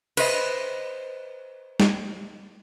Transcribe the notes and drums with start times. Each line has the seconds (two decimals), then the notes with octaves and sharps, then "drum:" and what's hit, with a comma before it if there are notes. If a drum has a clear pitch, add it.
0.17 B4 C5 D#5, drum: cymbal
1.80 drum: snare